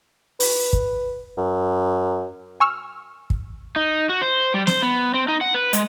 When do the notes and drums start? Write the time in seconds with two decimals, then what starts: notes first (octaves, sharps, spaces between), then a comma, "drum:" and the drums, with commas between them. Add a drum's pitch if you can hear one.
0.40 B4, drum: open hi-hat
0.73 drum: kick
1.38 F#2
2.60 G#5 C#6 E6 F6
3.30 drum: kick
3.76 D#4
4.09 F#4
4.22 C5
4.54 G3
4.67 C5, drum: snare
4.83 B3
5.14 C4
5.28 D#4
5.41 F#5
5.54 B4
5.73 G#3, drum: hi-hat